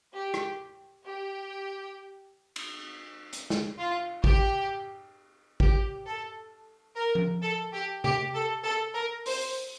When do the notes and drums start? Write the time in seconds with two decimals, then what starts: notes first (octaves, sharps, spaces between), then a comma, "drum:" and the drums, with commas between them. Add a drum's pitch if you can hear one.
0.14 G4
0.34 drum: rim click
1.05 G4
2.56 drum: cymbal
3.33 drum: hi-hat
3.50 drum: snare
3.79 F4
4.24 G4, drum: kick
5.60 G4, drum: kick
6.07 A4
6.97 A#4
7.15 drum: tom F3
7.42 A4
7.74 G4
8.04 G4, drum: tom C3
8.34 A4
8.64 A4
8.94 A#4
9.26 C5, drum: open hi-hat